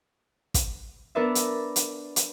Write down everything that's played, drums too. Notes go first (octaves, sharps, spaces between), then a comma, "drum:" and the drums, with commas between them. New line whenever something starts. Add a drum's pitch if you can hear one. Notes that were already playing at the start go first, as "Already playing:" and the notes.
drum: kick, hi-hat
B3 D4 A#4 B4 D5 E5
drum: hi-hat
drum: hi-hat
drum: hi-hat